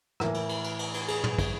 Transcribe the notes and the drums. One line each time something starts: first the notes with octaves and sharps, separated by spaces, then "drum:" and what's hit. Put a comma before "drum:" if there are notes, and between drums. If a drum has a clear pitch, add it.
A2 E3 A#4, drum: rim click
drum: cymbal
drum: cymbal
drum: cymbal
drum: cymbal
drum: cymbal
G#4, drum: cymbal
drum: tom
drum: kick, cymbal